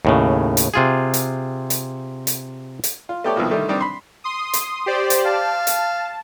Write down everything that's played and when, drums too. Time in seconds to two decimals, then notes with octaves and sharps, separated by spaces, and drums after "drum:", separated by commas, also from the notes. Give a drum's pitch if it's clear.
0.05 D#2 A2 C#3
0.57 drum: hi-hat
0.74 C3 F4 G#4
1.14 drum: hi-hat
1.70 drum: hi-hat
2.27 drum: hi-hat
2.84 drum: hi-hat
3.09 F4
3.24 A3 B3 G4 A4 C#5 D5
3.36 C2 B2 D#3 F3 A#3
3.51 D3 D#3 G3 A3
3.69 D#3 G3 C4 D4
3.81 B5 C6
4.24 C6 D#6
4.53 drum: hi-hat
4.86 G4 C5 D5
5.10 drum: hi-hat
5.25 F5 A5
5.67 drum: hi-hat